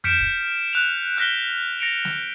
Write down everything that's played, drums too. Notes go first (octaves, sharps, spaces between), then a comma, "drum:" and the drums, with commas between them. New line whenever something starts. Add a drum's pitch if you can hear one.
F6 G6 B6 C#7 D7 E7, drum: tom F2
drum: kick
F#6 F7
F6 F#6 A#6 B6 G7, drum: hi-hat
A#6 C#7 D7 F7
drum: snare